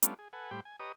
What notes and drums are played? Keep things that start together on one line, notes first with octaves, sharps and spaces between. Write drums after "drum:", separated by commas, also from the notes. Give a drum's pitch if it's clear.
G3 A3 B3 C#4 D4 F4, drum: hi-hat
G#4
A4 B4 F#5 G#5
A2 G3 G4 C5 G5 B5
G#5
G4 B4 C#5 D#5 A#5 D#6